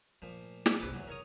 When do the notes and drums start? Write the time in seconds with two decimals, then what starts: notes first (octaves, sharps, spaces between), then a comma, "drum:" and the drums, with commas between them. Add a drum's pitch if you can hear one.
0.22 A#2 F3 A3
0.66 drum: snare
0.80 G1 C2 C4 B4 D6
0.94 F1 E2 C#3 F#3
1.08 A#4 C#5 D#6